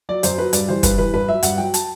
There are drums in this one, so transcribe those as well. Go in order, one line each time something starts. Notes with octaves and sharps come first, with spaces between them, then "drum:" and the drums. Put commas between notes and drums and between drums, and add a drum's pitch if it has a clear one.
F#3 D5
F#2 C5, drum: hi-hat
F#3 B4
G2 D5, drum: hi-hat
E3 G3 C5
G2 B4, drum: kick, hi-hat
E3 G3 B4
G2 B4
F#3 E5
G2 F#5, drum: hi-hat
F#3 G5
A5, drum: hi-hat